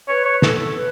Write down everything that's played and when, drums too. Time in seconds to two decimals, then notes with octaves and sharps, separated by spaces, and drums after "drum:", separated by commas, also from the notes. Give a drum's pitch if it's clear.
0.08 B4 C#5
0.25 C#5
0.42 A4, drum: snare
0.59 A4
0.76 B4